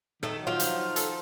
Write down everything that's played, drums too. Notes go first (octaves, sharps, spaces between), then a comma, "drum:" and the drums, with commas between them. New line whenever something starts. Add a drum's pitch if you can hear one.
D#3 A3 A4, drum: rim click
F#3
F3 F4
D#4, drum: hi-hat
D#4
A4, drum: hi-hat